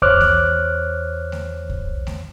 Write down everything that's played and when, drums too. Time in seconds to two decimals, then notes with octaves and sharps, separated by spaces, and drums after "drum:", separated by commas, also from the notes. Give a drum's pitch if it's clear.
0.02 E2 C5 C#5 D6 F6 F#6, drum: kick
0.20 drum: snare A3
1.32 drum: snare A3
1.69 drum: kick
2.07 drum: snare A3